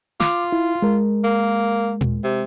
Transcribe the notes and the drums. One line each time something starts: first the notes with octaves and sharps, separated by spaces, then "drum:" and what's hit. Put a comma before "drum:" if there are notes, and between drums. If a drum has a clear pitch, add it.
F4 D6, drum: snare
E4
G#3 A#4
A#3
drum: tom A#2
C3